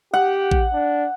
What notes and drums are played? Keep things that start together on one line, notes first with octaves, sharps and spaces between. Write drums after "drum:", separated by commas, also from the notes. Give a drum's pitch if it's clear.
G4 F#5
drum: kick A1
D4